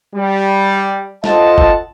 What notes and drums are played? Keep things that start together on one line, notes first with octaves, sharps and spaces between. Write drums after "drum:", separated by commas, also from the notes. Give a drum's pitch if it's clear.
G3
F4 A4 C5 D#5 F#5 A5, drum: snare
drum: kick